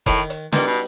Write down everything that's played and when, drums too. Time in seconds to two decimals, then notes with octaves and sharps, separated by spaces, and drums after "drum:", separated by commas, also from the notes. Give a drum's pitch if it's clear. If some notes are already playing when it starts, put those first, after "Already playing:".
0.06 A2 D#3, drum: kick F1, hi-hat
0.30 drum: hi-hat
0.52 A#2 G3 B3 D#4, drum: snare
0.67 B2